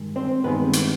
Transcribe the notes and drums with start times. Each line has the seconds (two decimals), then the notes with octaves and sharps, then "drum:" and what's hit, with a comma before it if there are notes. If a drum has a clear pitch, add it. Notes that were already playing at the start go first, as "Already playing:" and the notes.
Already playing: G2 D#3 G#3
0.16 C4 C5
0.44 G2 D#3 G#3 B3 C4 B4
0.73 drum: hi-hat